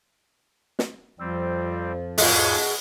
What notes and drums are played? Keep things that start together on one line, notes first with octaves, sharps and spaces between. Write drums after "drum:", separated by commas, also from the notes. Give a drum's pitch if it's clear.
drum: snare
F2 F3 G3 C4 E6
E2 G#2 B2 G#3 F4 F5 C#6 D#6, drum: open hi-hat